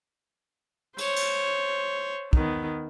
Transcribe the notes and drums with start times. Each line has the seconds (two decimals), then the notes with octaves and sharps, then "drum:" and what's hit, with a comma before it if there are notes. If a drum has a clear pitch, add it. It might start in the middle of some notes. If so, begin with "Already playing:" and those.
0.98 C5 C#5, drum: cymbal
1.16 drum: cymbal
2.33 D#3 B3, drum: kick